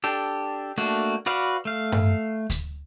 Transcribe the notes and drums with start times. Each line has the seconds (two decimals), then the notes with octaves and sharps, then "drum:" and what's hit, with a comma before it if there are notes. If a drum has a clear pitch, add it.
0.04 D4 G4 A4
0.78 A3 A#3 D4 F#4
1.26 F#4 B4 D5 F5
1.65 A3 F5
1.92 drum: tom G2
2.50 drum: kick D2, hi-hat